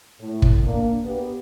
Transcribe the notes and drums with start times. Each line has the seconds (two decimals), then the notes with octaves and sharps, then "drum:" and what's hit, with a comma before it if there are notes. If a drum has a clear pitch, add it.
0.20 A2
0.42 drum: kick
0.64 A#3 D4
1.04 B3 G4 B4